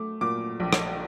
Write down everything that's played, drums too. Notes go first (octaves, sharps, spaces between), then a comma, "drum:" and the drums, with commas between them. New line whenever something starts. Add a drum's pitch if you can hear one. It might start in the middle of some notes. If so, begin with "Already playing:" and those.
Already playing: A3 D6
A#2 D6
A#1
drum: rim click